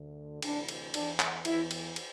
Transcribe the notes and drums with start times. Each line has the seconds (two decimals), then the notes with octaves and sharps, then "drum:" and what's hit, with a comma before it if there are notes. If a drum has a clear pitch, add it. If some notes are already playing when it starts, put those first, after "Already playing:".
Already playing: D2 D3
0.42 D2 C3 E3 D4, drum: cymbal
0.69 drum: cymbal
0.94 E2 E3 D4, drum: cymbal
1.20 drum: clap
1.45 E2 E3 E4, drum: cymbal
1.71 drum: cymbal
1.96 drum: cymbal